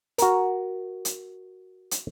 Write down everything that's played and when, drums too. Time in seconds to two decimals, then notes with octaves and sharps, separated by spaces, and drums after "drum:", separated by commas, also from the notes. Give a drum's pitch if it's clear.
0.18 F#4 A#4, drum: hi-hat
1.05 drum: hi-hat
1.91 drum: hi-hat